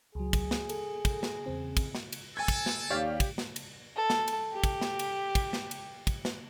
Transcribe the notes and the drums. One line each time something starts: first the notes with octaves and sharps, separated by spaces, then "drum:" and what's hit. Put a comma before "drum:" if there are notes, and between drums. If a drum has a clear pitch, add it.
C#2 F#3 G#4
drum: kick, cymbal
drum: snare
A4, drum: cymbal
drum: kick, cymbal
drum: snare
E2 C#3 C4
drum: kick, cymbal
drum: snare
drum: cymbal
A4 G#5 G#6
drum: kick, cymbal
drum: snare
D#2 G4 C#5 D5 F5
drum: kick, cymbal
drum: snare
drum: cymbal
A4
drum: snare
drum: cymbal
G4
drum: kick, cymbal
drum: snare
drum: cymbal
drum: kick, cymbal
drum: snare
drum: cymbal
drum: kick, cymbal
drum: snare